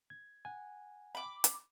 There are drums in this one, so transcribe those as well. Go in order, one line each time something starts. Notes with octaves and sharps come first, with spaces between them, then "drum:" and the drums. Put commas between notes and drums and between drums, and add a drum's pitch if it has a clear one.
G#6
F#5 G#5
B5 D6
drum: hi-hat